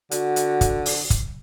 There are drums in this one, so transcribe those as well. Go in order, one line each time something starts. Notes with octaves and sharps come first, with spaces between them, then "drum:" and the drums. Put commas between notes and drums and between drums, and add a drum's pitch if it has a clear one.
D3 F#4, drum: hi-hat
drum: hi-hat
drum: kick, hi-hat
drum: open hi-hat
drum: kick, hi-hat